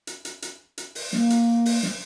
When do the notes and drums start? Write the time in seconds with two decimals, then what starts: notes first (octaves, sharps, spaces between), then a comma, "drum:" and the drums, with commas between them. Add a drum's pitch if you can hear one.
0.07 drum: hi-hat
0.25 drum: hi-hat
0.42 drum: hi-hat
0.78 drum: hi-hat
0.95 drum: open hi-hat
1.13 A#3, drum: snare
1.30 drum: hi-hat
1.66 drum: open hi-hat
1.83 drum: snare